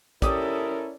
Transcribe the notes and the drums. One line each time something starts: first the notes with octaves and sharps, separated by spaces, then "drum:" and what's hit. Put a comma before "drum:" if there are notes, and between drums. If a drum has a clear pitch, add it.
C#4 E4 G4 A4 A#4 D5 D#6, drum: kick, hi-hat